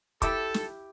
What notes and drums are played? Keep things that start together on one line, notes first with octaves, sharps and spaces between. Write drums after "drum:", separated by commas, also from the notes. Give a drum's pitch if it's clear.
E4 G4 A4 D6, drum: kick, hi-hat
drum: snare